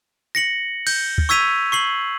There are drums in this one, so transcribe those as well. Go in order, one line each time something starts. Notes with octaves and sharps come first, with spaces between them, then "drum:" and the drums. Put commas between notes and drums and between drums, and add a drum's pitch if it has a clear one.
A#6 C#7 F#7
G6, drum: cymbal
drum: kick
C#6 E6 G#6 B6 D#7 F7
C#6 C7 F#7